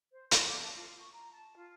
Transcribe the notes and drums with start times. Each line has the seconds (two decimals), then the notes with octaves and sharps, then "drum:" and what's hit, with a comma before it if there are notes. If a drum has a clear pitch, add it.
0.11 C5
0.31 A5, drum: hi-hat
0.47 D6
0.58 A5
0.75 F4
0.98 C#6
1.15 A#5
1.34 A5
1.55 F4